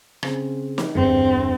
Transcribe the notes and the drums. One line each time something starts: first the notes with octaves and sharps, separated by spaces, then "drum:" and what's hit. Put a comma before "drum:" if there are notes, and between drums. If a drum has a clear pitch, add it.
C#3 C4, drum: rim click
drum: snare
G1 E2 G2 C4